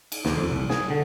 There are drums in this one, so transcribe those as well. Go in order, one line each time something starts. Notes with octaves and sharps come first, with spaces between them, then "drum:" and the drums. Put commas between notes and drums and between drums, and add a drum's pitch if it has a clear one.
drum: cymbal
D#2, drum: snare
F2
C2
G#4, drum: snare
D3